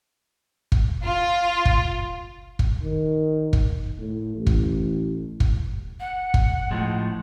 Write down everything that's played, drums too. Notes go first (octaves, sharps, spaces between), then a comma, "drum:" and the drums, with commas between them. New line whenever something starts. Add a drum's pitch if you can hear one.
drum: kick
F4
drum: kick
drum: kick
D#3
drum: kick
A2
A1
drum: kick
drum: kick
F#5
drum: kick
A2 F3 G#3